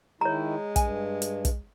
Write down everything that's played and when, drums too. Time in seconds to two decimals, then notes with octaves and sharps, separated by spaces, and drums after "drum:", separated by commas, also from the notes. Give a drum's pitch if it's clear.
0.21 D#3 G#3 E4 C#5 A#5
0.76 G2 G#5, drum: kick, hi-hat
1.22 drum: hi-hat
1.45 drum: kick, hi-hat